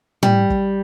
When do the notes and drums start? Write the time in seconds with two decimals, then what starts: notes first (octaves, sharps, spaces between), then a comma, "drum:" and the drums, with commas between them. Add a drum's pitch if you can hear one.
0.23 G3, drum: tom
0.50 drum: kick